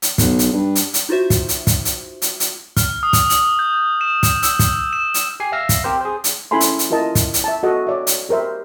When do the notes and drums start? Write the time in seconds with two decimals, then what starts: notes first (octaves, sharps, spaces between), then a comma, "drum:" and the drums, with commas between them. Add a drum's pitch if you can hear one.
0.02 drum: hi-hat
0.18 B1, drum: kick, hi-hat
0.39 drum: hi-hat
0.52 G2
0.75 drum: hi-hat
0.94 drum: hi-hat
1.09 D#4 F4 F#4 C5 E5
1.30 drum: kick, hi-hat
1.49 drum: hi-hat
1.67 drum: kick, hi-hat
1.85 drum: hi-hat
2.22 drum: hi-hat
2.40 drum: hi-hat
2.77 F6, drum: kick, hi-hat
3.03 D#6
3.13 drum: kick, hi-hat
3.30 F#7, drum: hi-hat
3.59 G6
4.01 E7
4.23 drum: kick, hi-hat
4.43 E6, drum: hi-hat
4.59 drum: kick, hi-hat
4.93 E7
5.14 drum: hi-hat
5.40 G4 G#5 C7
5.52 E5 F5 E6 F6 A#6 C7
5.69 drum: kick, hi-hat
5.84 C4 G4 A#4 C5
6.01 G#4 C5
6.24 drum: hi-hat
6.51 C#4 E4 A4 G#5 B5 C6
6.61 drum: hi-hat
6.79 drum: hi-hat
6.90 E4 F4 A#4 D#5 A5
7.15 drum: kick, hi-hat
7.34 drum: hi-hat
7.44 E5 A5
7.63 F#4 A4 D#5 F#5
7.87 C#5 D5 E5
8.07 drum: hi-hat
8.29 G4 A#4 C5 E5